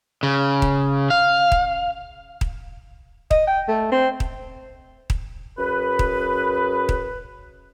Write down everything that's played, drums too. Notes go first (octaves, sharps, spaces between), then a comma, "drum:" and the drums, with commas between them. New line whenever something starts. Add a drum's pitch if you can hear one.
C#3
drum: kick D#1
F5
drum: kick D#1
drum: kick D#1
D#5, drum: kick D#1
G5
A3
C4
drum: kick D#1
drum: kick D#1
F#2 G#4 B4
drum: kick D#1
drum: kick D#1